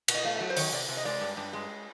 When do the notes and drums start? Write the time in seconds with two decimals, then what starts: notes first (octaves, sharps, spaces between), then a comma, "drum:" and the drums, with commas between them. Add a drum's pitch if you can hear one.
0.08 B2, drum: cymbal
0.14 D#5
0.25 A3 F5
0.36 E5
0.40 F#3
0.50 C5
0.56 D#3 C#5, drum: open hi-hat
0.72 C3 D5
0.88 C3
0.97 D#5
1.05 G#3 D5
1.21 G2
1.37 G2
1.53 G#3